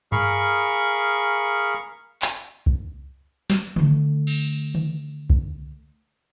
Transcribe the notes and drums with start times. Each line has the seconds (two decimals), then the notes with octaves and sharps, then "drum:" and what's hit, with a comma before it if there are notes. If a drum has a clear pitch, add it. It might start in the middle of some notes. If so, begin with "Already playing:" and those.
0.12 G#4 A#4 F5 B5 C#6, drum: tom G2
2.22 drum: clap
2.66 drum: kick C2
3.50 drum: snare
3.76 D3 A3, drum: tom D#3
4.27 drum: cymbal
4.75 drum: tom D#3
5.30 drum: kick C2